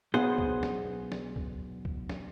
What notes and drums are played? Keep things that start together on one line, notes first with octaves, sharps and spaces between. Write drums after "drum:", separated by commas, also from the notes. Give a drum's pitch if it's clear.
B1 B3 G#4 C5
drum: kick C#2
drum: snare
drum: snare
drum: kick C#2
drum: kick C#2
drum: snare